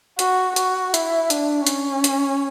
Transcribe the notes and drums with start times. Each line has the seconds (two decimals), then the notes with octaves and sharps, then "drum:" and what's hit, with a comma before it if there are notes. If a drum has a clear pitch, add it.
0.19 F#4, drum: hi-hat
0.56 F#4, drum: hi-hat
0.94 E4, drum: hi-hat
1.30 D4, drum: hi-hat
1.67 C#4, drum: hi-hat
2.04 drum: hi-hat